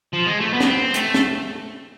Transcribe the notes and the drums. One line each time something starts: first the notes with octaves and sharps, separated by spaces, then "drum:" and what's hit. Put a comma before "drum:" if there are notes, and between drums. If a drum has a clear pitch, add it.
F3
G#3
A3
B3
D4, drum: snare
C4
A3, drum: hi-hat
drum: snare